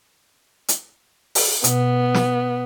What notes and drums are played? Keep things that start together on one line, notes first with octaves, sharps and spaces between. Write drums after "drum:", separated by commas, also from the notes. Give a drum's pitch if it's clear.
drum: hi-hat
drum: open hi-hat
B2 B3, drum: hi-hat
drum: snare